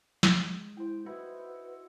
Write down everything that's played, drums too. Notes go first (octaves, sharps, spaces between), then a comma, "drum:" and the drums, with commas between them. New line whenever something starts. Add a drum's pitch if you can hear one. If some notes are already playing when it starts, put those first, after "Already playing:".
G#3, drum: snare
E4 C5 G5
E4 F#4 B4 D#5